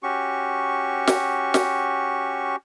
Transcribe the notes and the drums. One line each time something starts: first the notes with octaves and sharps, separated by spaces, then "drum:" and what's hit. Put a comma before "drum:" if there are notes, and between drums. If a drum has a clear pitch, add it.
C#4 F#4 G4 C#6
drum: snare
drum: snare